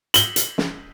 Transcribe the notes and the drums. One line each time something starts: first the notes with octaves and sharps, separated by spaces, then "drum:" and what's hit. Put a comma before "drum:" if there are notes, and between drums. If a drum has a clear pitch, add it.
F#7 G7, drum: hi-hat
drum: hi-hat
drum: snare